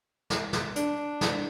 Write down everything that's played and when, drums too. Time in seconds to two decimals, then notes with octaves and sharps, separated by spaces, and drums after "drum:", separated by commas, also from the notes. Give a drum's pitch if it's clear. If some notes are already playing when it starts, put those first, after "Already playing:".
0.30 drum: snare
0.53 drum: snare
0.76 D4, drum: hi-hat
1.21 drum: snare